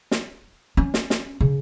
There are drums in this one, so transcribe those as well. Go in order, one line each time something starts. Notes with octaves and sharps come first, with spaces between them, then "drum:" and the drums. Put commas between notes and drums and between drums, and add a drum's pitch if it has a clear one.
drum: snare
C#4
drum: snare
drum: snare
C#3